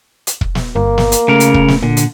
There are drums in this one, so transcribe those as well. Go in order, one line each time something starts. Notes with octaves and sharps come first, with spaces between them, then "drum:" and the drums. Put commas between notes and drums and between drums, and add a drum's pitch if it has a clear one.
drum: hi-hat
drum: kick
drum: snare
G1 A#3
drum: snare
drum: hi-hat
C#3 A3 A#4
drum: hi-hat
drum: kick
drum: snare
A#2 D3
drum: hi-hat